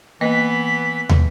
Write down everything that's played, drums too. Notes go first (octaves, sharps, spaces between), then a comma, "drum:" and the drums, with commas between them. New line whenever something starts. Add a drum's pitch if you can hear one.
E3 A#3 B3 D#5 B6
drum: tom